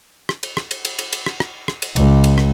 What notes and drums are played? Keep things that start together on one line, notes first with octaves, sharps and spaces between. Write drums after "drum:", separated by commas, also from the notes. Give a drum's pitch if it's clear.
drum: rim click
drum: cymbal
drum: rim click
drum: cymbal
drum: cymbal
drum: cymbal
drum: cymbal
drum: rim click
drum: rim click
drum: rim click
drum: cymbal
C#2, drum: cymbal
drum: cymbal
drum: rim click